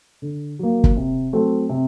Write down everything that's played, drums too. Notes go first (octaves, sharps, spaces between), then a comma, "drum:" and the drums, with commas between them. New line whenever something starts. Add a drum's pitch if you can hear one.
D3
F#3 A#3
drum: kick
C3
F#3 A3 C4
C3